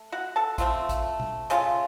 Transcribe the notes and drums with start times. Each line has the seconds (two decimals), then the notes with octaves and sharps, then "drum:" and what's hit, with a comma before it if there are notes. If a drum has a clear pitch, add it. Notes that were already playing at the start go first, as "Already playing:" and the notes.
Already playing: A3
0.12 F#4 F#5
0.36 A4 A5
0.58 F3 A3 C4 F4, drum: kick A1, hi-hat
0.89 drum: kick A1, hi-hat
1.20 drum: tom B2
1.50 C#3 A3 C#4 F4, drum: hi-hat